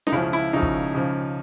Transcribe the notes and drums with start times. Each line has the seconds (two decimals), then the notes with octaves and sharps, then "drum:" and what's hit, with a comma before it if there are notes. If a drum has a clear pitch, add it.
0.07 D#4, drum: snare C#4
0.12 C#2 C#3 F3 E4
0.33 E4
0.53 C#2 C#3 F3 D#4
0.62 drum: kick
0.95 C#2 C#3 F3